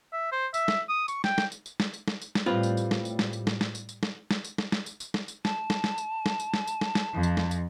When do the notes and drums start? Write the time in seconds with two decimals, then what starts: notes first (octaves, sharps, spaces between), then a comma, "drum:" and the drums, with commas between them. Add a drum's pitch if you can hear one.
0.13 E5
0.32 C5
0.54 E5, drum: tambourine
0.68 drum: snare
0.89 D#6
1.08 C#6, drum: tambourine
1.24 G5, drum: snare
1.38 drum: snare
1.52 drum: tambourine
1.66 drum: tambourine
1.80 drum: snare
1.94 drum: tambourine
2.08 drum: snare
2.21 drum: tambourine
2.35 drum: snare
2.46 A2 G3 C4 F4 B4
2.63 drum: tambourine
2.77 drum: tambourine
2.91 drum: snare
3.05 drum: tambourine
3.19 drum: snare
3.33 drum: tambourine
3.47 drum: snare
3.61 drum: snare
3.75 drum: tambourine
3.89 drum: tambourine
4.03 drum: snare
4.31 drum: snare
4.44 drum: tambourine
4.58 drum: snare
4.72 drum: snare
4.86 drum: tambourine
5.00 drum: tambourine
5.14 drum: snare
5.28 drum: tambourine
5.45 A5, drum: snare
5.70 drum: snare
5.84 drum: snare
5.98 drum: tambourine
6.26 drum: snare
6.40 drum: tambourine
6.54 drum: snare
6.67 drum: tambourine
6.81 drum: snare
6.95 drum: snare
7.14 F2
7.23 drum: tambourine
7.37 drum: snare
7.51 drum: tambourine